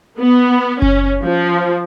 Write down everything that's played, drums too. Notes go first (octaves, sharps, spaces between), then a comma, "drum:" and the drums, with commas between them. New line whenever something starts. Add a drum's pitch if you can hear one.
B3
C#4, drum: kick F#1
F3